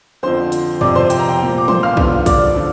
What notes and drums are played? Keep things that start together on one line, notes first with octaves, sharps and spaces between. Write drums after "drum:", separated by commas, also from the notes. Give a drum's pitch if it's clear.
F2 D3 F3 C5 C6
drum: hi-hat
F2 C3 F3 D5 D6, drum: tom F2
C5 C6
G5, drum: hi-hat
A#5
G5
A#2 F3
D6
C5 C6, drum: tom E3
F5 F6
G2 D3 F3, drum: kick
D5 D6, drum: kick, hi-hat
D3 F3